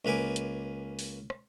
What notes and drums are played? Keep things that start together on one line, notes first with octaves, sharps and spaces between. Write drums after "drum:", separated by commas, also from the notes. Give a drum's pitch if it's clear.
C#2 A#3 B4 G#5 D6
drum: hi-hat
drum: open hi-hat
drum: rim click